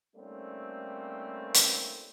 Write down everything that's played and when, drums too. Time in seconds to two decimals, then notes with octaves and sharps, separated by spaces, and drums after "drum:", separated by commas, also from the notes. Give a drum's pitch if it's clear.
0.15 G3 A3 A#3 C4 C#4 D#4
1.54 drum: hi-hat